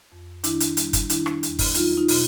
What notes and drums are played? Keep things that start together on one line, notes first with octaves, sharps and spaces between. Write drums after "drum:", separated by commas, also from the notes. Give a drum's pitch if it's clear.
F2
D#3 D4 E4, drum: hi-hat
drum: hi-hat
G3, drum: hi-hat
drum: kick, hi-hat
D#3 D4 E4, drum: hi-hat
drum: rim click
E2, drum: hi-hat
drum: kick, open hi-hat
F#3 D#4 F4, drum: hi-hat
D#4 F4
B2, drum: open hi-hat